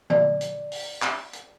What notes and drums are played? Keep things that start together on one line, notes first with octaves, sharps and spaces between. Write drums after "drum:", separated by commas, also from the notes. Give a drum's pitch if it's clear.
D5, drum: tom D3
drum: hi-hat
drum: open hi-hat
drum: clap
drum: hi-hat